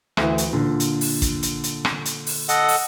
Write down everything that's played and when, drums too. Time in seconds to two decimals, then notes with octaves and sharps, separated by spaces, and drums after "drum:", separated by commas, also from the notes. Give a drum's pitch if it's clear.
0.17 D2 E3, drum: rim click
0.38 drum: hi-hat
0.53 A#2 D3
0.80 drum: hi-hat
1.01 drum: open hi-hat
1.22 drum: kick, hi-hat
1.43 drum: hi-hat
1.64 drum: hi-hat
1.85 drum: rim click
2.06 drum: hi-hat
2.27 drum: open hi-hat
2.49 A4 D#5 F#5, drum: hi-hat
2.68 drum: open hi-hat